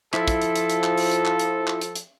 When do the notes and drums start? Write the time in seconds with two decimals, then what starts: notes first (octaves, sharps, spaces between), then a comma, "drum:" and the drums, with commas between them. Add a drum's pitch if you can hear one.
0.14 F3 E4 A4, drum: clap
0.28 drum: kick, hi-hat
0.42 drum: hi-hat
0.56 drum: hi-hat
0.70 drum: hi-hat
0.84 drum: clap
0.98 drum: open hi-hat
1.12 drum: hi-hat
1.26 drum: clap
1.40 drum: hi-hat
1.67 drum: clap
1.81 drum: hi-hat
1.95 drum: hi-hat